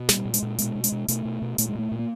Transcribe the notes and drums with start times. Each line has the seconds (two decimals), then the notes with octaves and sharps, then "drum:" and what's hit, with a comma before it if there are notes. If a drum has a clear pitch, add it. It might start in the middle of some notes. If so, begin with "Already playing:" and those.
Already playing: B2
0.09 A#2 G3, drum: snare
0.25 A#2
0.34 G#3, drum: hi-hat
0.42 A#2
0.58 B2 G#3, drum: hi-hat
0.75 B2
0.84 G#3, drum: hi-hat
0.92 B2
1.08 B2 A3, drum: hi-hat
1.25 B2
1.42 B2
1.58 A#2 A3, drum: hi-hat
1.69 G#3
1.75 A#2 A3
1.92 A#2
1.99 A#3